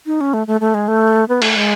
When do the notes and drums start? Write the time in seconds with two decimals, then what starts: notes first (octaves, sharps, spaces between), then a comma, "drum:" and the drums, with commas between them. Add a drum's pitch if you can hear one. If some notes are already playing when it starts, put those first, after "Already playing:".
0.06 D#4
0.21 C#4
0.34 A3
0.47 A3
0.61 A3
0.74 G#3
0.88 A3
1.29 B3
1.42 A3, drum: cymbal
1.56 G#3